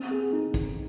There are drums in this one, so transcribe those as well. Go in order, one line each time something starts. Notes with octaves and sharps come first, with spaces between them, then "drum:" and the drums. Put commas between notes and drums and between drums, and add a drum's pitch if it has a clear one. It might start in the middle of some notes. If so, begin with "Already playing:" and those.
Already playing: C4
G#4
D#4
drum: kick, tambourine